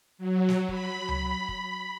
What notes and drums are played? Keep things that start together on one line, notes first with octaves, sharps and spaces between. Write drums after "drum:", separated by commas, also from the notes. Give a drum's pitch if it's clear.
F#3
drum: snare
B5, drum: kick
drum: tom C#2
drum: kick